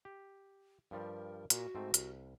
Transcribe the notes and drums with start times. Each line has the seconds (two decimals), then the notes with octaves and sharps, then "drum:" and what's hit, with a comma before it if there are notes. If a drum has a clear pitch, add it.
0.05 G4
0.91 G2 F3 G3 A#4
1.50 A#2 F#4, drum: hi-hat
1.75 G#2 A3 C4
1.94 C2, drum: hi-hat